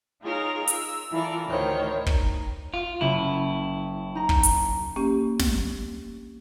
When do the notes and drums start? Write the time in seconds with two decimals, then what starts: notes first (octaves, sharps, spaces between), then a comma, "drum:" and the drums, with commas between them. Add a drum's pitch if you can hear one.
0.22 D#4 F4 G#4 A#4 C#5
0.68 E6, drum: hi-hat
1.11 E3 E4 F4 A4 A#4 D5
1.46 D2 A2 D#3 C5 C#5
2.06 D#4, drum: kick
2.74 F4
3.01 F#1 E4
4.15 D#4 A#5
4.29 drum: kick
4.43 drum: hi-hat
4.96 A#3 C#4 G4
5.39 drum: snare